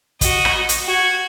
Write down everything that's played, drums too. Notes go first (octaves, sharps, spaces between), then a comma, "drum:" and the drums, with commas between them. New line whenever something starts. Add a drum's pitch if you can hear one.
F#4 D#5, drum: kick, hi-hat
drum: rim click
drum: hi-hat
F#4 G#6